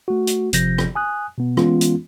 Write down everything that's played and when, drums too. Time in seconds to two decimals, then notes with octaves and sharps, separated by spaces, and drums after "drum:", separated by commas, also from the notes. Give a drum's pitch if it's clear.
0.08 A3 F#4
0.27 drum: hi-hat
0.53 G1 C3 F3 G6 A#6, drum: hi-hat
0.78 drum: rim click
0.95 G#5 D#6 F#6
1.38 B2 B3
1.57 E3 G#3 B3 C#4 F4, drum: rim click
1.81 drum: hi-hat